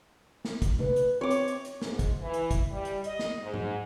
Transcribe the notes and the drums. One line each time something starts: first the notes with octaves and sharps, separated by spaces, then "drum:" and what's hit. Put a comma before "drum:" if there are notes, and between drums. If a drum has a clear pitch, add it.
drum: snare
drum: kick, hi-hat
B4, drum: tom
drum: hi-hat
C4 C#5 D6
drum: hi-hat
drum: hi-hat
drum: hi-hat
G#2, drum: snare
drum: kick, hi-hat
E3
drum: hi-hat
drum: kick, hi-hat
G3
drum: hi-hat
D#5, drum: hi-hat
drum: snare
G#2
drum: tom G#2